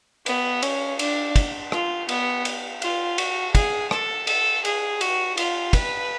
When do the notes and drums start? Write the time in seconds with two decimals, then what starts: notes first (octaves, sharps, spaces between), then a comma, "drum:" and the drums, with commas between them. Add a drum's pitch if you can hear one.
0.26 B3, drum: cymbal
0.62 C#4, drum: cymbal
0.99 D4, drum: cymbal
1.36 drum: kick, cymbal
1.72 F4, drum: rim click
2.09 B3, drum: cymbal
2.45 drum: cymbal
2.82 F4, drum: cymbal
3.18 F#4, drum: cymbal
3.55 G#4, drum: kick, cymbal
3.91 A4, drum: rim click
4.27 A4, drum: cymbal
4.65 G#4, drum: cymbal
5.01 F#4, drum: cymbal
5.37 F4, drum: cymbal
5.73 B4, drum: kick, cymbal